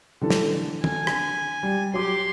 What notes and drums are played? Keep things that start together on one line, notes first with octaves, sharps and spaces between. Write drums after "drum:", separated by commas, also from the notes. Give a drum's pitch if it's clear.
D3 E3 A4
drum: snare
G#5, drum: tom
drum: rim click
G3
F#3 G4 C6 D6